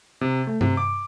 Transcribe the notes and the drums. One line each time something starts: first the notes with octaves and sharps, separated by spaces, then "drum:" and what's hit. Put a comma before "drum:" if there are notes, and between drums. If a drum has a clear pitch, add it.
C3
A3
C3, drum: tom G2
D6